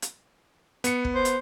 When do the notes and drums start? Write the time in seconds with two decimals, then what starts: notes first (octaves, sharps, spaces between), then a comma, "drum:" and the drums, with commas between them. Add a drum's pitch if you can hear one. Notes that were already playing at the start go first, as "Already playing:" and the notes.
0.02 drum: hi-hat
0.84 B3 C#7, drum: hi-hat
1.04 drum: kick
1.15 C5
1.25 drum: hi-hat